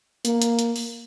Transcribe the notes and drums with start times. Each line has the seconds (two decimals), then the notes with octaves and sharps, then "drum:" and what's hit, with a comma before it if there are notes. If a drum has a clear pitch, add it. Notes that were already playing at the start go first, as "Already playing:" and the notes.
0.25 A#3, drum: hi-hat
0.42 drum: hi-hat
0.59 drum: hi-hat
0.76 drum: open hi-hat